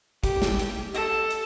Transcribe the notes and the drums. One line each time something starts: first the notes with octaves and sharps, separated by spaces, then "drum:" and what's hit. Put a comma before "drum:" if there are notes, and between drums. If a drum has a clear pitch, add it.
G4, drum: kick, hi-hat
drum: snare
drum: hi-hat
A4, drum: hi-hat
drum: hi-hat